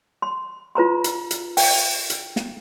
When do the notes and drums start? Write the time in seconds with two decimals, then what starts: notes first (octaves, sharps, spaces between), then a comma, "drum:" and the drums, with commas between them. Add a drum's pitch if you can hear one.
0.22 C6
0.75 F4 B4 A#5 C6
1.04 drum: hi-hat
1.31 drum: hi-hat
1.57 G5, drum: open hi-hat
2.10 drum: hi-hat
2.36 drum: snare